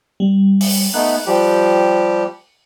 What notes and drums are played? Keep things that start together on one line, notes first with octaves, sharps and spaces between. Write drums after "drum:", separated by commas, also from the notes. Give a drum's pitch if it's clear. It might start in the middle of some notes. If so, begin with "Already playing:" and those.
G3
drum: open hi-hat
A3 B3 D#4 F#6
F3 G3 G4